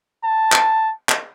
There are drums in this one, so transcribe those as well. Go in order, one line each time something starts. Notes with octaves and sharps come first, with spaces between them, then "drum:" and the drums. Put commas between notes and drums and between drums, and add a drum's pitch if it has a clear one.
A5
drum: clap
drum: clap